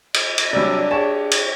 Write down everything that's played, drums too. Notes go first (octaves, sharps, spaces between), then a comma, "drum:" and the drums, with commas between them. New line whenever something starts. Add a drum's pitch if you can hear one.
D#5, drum: cymbal
drum: cymbal
C3 F#3 G3 D4 D5 E6
G4 G#4 C#5 A5
drum: cymbal